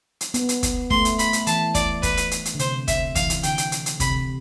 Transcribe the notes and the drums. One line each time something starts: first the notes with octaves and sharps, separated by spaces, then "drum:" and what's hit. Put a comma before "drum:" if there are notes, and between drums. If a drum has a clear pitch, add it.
drum: hi-hat
B3, drum: hi-hat
drum: hi-hat
drum: kick, hi-hat
A3 C6, drum: kick
drum: hi-hat
B5, drum: hi-hat
drum: hi-hat
E3 A5, drum: hi-hat
D5, drum: kick, hi-hat
B4, drum: kick, hi-hat
drum: hi-hat
drum: hi-hat
drum: hi-hat
D3
C3 C5, drum: hi-hat
E5, drum: kick, hi-hat
E3 F5, drum: kick, hi-hat
drum: hi-hat
D3 G5, drum: hi-hat
drum: hi-hat
drum: hi-hat
drum: hi-hat
C3 B5, drum: kick, hi-hat